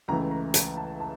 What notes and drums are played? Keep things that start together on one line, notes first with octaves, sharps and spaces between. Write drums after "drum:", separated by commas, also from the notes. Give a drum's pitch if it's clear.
C#2 C#3 E3 A3 A#5
A#5
A5, drum: hi-hat
A5
A5